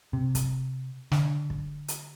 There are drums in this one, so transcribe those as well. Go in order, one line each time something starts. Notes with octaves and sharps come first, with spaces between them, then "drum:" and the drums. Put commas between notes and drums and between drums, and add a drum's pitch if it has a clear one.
C3
drum: kick, hi-hat
D3, drum: snare
drum: kick
drum: hi-hat